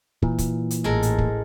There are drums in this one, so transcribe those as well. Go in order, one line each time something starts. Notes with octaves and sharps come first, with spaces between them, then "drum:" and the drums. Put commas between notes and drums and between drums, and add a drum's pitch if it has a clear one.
A#2 E3, drum: kick
drum: kick, hi-hat
drum: hi-hat
A1 G#3 A4 A#4
drum: hi-hat
drum: kick